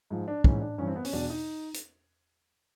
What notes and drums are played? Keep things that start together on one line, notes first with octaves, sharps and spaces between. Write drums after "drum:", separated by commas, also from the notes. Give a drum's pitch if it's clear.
G#2 F3
D4
G#2 E3 C#4, drum: kick
D4
G2 E3 C#4
C4
B3
C#4, drum: open hi-hat
E2 B2 D4
D#4
drum: hi-hat